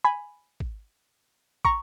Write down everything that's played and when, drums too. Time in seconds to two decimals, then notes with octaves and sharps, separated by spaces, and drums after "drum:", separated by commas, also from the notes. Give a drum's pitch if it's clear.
0.04 G#5 B5
0.60 drum: kick
1.65 A#5 C#6, drum: kick